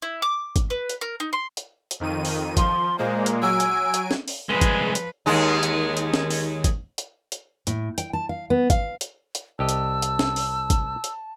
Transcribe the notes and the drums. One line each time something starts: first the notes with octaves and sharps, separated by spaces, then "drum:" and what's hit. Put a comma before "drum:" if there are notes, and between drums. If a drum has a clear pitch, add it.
E4
D6
drum: kick G#1, hi-hat
B4
drum: hi-hat
A#4
D#4
C6
drum: hi-hat
drum: hi-hat
F2 D#3 D#7
drum: open hi-hat
F3 C6, drum: kick G#1, hi-hat
A#2 G#3 A#3 C5
drum: hi-hat
F#3 G#5 E6 D7
drum: hi-hat
drum: hi-hat
drum: snare
drum: open hi-hat
C2 F3 G#3 B4
drum: kick G#1, hi-hat
drum: hi-hat
D#2 G#3 D#4
drum: hi-hat
drum: hi-hat
drum: snare
drum: open hi-hat
drum: kick G#1, hi-hat
drum: hi-hat
drum: hi-hat
A2, drum: hi-hat
G5, drum: hi-hat
A5
F5
B3
F5, drum: kick G#1, hi-hat
drum: hi-hat
drum: hi-hat
C2 G4 D#5 A5 E6
drum: hi-hat
drum: hi-hat
drum: snare
drum: open hi-hat
drum: kick G#1, hi-hat
drum: hi-hat